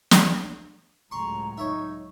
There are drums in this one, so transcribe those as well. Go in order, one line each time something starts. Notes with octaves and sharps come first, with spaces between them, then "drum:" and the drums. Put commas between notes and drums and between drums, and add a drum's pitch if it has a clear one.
drum: snare
C#2 A2 F#3 A#5 C6 C#6
D#4 C#5 E5